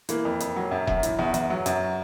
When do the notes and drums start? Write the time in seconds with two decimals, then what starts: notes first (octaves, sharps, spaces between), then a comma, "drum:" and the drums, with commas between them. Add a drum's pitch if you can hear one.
0.09 E3 A#3, drum: hi-hat
0.25 F2
0.40 F2, drum: hi-hat
0.56 F#3
0.71 F#2
0.87 F#2, drum: kick E1
1.03 E3, drum: hi-hat
1.19 E2
1.34 E2, drum: hi-hat
1.50 F#3
1.66 F#2, drum: hi-hat